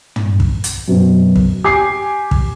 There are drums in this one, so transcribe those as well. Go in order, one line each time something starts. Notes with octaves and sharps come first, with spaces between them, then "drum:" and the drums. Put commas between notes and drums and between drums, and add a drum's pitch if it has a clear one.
drum: tom
drum: kick
drum: hi-hat
F#2 B2 C4
drum: kick
G4 G#5 D6 C7
drum: kick